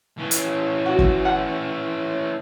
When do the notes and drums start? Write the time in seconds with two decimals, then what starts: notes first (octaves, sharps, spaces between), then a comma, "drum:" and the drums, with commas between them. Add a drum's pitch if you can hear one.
0.18 E3 C#4
0.31 drum: hi-hat
0.86 F#4
0.99 drum: kick
1.25 F#5